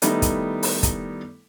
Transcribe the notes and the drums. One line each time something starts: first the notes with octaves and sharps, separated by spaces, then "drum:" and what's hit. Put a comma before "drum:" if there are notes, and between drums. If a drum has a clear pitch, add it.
D#3 G3 A3 B3 D#4 E4, drum: hi-hat
drum: kick, hi-hat
drum: open hi-hat
drum: kick, hi-hat